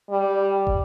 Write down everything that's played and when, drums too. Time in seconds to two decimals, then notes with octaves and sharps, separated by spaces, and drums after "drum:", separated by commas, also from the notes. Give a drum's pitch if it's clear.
0.10 G3
0.67 drum: kick